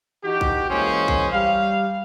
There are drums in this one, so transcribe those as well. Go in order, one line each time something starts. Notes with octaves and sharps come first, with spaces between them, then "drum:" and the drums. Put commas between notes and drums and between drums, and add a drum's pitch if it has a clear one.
E3 D#4 F#4 G4
drum: kick
E3 G#3 A#3 C#4 G#4 C5
drum: kick
G3 F5